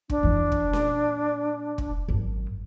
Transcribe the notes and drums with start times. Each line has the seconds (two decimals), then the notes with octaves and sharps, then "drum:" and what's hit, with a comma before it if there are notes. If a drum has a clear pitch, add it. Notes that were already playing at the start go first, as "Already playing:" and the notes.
0.10 D4, drum: kick
0.23 F2 E3
0.52 drum: kick
0.73 A#2, drum: snare C#4
1.78 drum: kick
2.09 G#1 F#2